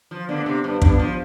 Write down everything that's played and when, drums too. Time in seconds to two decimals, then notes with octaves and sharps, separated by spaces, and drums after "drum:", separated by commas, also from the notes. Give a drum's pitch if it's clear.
0.11 F3
0.29 D3 B3 D4
0.46 C3
0.64 G2
0.82 G2 B3 D4, drum: kick
0.99 F3